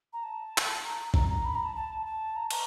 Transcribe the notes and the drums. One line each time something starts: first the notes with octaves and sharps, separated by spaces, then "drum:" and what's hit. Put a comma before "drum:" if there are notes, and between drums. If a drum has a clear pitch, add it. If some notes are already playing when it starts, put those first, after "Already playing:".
A#5
A5
drum: clap
A#5
A#5, drum: kick A#1
A#5
B5
A#5
A5
A5
A5
A#5
A#5, drum: cymbal